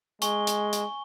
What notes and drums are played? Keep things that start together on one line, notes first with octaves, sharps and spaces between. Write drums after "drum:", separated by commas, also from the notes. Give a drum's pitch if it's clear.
G#3 G#5 C#6 G7, drum: hi-hat
drum: hi-hat
drum: hi-hat